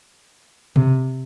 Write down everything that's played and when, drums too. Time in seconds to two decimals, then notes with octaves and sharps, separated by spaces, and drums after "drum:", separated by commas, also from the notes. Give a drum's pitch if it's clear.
0.76 C3, drum: tom C3